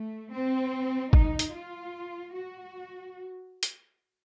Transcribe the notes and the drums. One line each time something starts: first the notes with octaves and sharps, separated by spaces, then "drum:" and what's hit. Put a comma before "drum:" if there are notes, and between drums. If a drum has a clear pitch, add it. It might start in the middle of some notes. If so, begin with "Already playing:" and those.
Already playing: A3
C4
D#4, drum: kick
drum: hi-hat
F4
F#4
drum: hi-hat